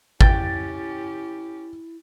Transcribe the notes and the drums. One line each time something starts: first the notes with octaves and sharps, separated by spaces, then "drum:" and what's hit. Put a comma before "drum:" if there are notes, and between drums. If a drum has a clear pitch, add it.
C#4 E4 G4 G5 A6, drum: kick G#1